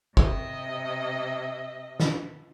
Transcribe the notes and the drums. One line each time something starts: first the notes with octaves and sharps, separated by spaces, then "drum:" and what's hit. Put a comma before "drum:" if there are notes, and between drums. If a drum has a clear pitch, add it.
C3 D#5 E5, drum: kick
drum: snare